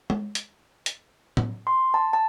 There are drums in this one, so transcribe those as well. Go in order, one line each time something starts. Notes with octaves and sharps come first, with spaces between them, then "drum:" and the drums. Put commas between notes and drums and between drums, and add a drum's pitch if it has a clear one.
drum: tom
drum: hi-hat
drum: hi-hat
drum: tom A2
C6
A5
A5